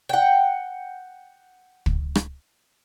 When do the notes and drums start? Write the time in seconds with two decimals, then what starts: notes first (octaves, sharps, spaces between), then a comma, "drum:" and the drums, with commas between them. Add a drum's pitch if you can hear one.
0.09 F#5 G5
1.86 drum: kick
2.15 drum: rim click